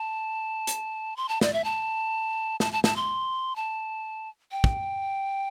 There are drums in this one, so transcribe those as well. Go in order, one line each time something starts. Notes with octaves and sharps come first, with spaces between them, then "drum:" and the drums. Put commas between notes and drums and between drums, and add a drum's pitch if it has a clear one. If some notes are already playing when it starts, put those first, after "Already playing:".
Already playing: A5
drum: hi-hat
C6
A5
D5, drum: snare
E5
A5
A5, drum: snare
A5
A5, drum: snare
C6
A5
G5
drum: kick